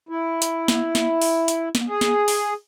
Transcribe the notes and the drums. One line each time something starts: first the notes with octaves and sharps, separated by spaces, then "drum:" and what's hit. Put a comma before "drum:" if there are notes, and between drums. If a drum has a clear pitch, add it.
E4
drum: hi-hat
drum: snare
drum: snare
drum: open hi-hat
drum: hi-hat
drum: snare
G#4
drum: snare
drum: open hi-hat